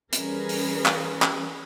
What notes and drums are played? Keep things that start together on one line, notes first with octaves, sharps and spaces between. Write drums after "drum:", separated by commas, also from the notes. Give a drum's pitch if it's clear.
E3 G3 C#4 G#4 A#4 B4, drum: hi-hat
drum: open hi-hat
drum: clap
drum: clap